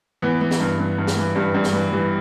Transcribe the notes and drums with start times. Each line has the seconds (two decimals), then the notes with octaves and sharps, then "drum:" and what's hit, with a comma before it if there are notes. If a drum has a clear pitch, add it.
0.22 E3 B3
0.41 E3
0.51 drum: snare
0.60 G2
0.79 G2
0.98 G2
1.07 drum: snare
1.17 E3
1.36 G2 G3
1.54 G2 G3
1.64 drum: snare
1.73 E3
1.92 E3 G3